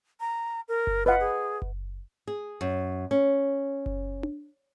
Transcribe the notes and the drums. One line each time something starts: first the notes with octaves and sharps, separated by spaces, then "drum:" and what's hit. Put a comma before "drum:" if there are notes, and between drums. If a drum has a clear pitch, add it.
A#5
A#4
drum: kick F#1
F4 B4 D#5 F#5
G#4
drum: kick F#1
G#4
F#2
C#4
drum: kick F#1
drum: tom D4